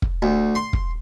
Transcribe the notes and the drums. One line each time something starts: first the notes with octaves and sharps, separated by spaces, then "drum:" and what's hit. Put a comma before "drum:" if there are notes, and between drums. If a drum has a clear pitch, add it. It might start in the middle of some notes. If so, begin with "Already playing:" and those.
drum: kick
D2
C6
drum: kick